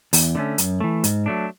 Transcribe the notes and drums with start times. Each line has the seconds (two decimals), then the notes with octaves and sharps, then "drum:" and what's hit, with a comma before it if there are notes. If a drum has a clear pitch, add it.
0.13 E2, drum: open hi-hat
0.35 D3 A3 C#4
0.58 F#2, drum: hi-hat
0.80 E3 A3
1.04 G#2, drum: hi-hat
1.26 F#3 A3 D4